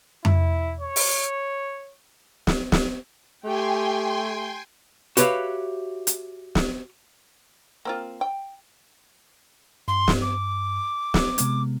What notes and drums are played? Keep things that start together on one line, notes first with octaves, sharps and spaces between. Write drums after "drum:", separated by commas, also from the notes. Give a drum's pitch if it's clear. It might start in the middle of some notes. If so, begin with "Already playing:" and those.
E4, drum: tom F2
C#5
drum: open hi-hat
drum: snare
drum: snare
A3 G4 G5 G#5 C6
F#4 G4 B4 C#5 E5 F5, drum: hi-hat
drum: hi-hat
drum: snare
A#3 C4 F4
G5
G2 C6
drum: snare
D6
drum: snare
C3 G#3 B3, drum: hi-hat